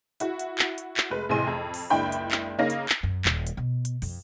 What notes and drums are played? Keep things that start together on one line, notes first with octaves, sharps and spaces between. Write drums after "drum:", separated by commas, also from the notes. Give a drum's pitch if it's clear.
E4 F#4, drum: hi-hat
drum: hi-hat
drum: clap
drum: hi-hat
drum: clap
F1 G#3 B4
A1 C3 E3 G#4 C6 D#7
F2
drum: open hi-hat
F#1 C#2 D4 E4 G5 B5
drum: hi-hat
drum: clap
C#3 A#3 C#4 D#4 F5 A#6
drum: hi-hat
drum: clap
F#2
D#1, drum: clap
drum: hi-hat
B2
drum: hi-hat
F2, drum: open hi-hat